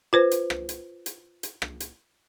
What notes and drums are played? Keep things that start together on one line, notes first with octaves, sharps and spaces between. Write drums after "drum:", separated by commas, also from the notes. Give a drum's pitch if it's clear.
F4 B4 C5
drum: hi-hat
drum: rim click
drum: hi-hat
drum: hi-hat
drum: hi-hat
drum: rim click
drum: hi-hat